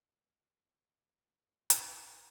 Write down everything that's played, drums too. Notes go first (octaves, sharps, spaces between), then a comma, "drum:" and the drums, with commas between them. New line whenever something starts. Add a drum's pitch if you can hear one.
G#2 F3 G#3 B3 D#4
drum: hi-hat